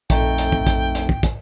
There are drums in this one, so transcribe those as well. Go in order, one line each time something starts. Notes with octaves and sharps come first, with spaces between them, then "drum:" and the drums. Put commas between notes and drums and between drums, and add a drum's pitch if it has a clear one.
A#1 F2 A3 D#4 G5, drum: kick, hi-hat
drum: hi-hat
drum: kick
drum: kick, hi-hat
drum: hi-hat
drum: kick
drum: kick, hi-hat